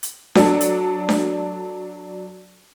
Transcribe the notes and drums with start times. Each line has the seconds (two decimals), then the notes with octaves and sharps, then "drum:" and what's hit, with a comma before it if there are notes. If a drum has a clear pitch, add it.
0.03 drum: hi-hat
0.35 F#3 D4 A4, drum: snare D4
0.60 drum: hi-hat
1.09 drum: snare D4